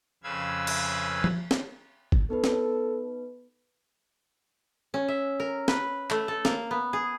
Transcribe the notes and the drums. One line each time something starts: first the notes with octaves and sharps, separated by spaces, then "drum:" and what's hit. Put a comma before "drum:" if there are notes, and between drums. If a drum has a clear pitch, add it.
F2 C#3 B4 F5 E6 G#6
drum: cymbal
drum: tom F3
drum: snare
drum: kick
B3 D#4 A4 B4
drum: snare
C#4
E5
A#4
B4, drum: snare
A3, drum: clap
A4
A#3, drum: snare
B3
G#4